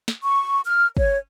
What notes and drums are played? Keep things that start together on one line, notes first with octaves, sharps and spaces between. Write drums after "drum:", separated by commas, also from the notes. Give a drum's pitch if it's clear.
drum: snare
C#6
F6
C#5, drum: kick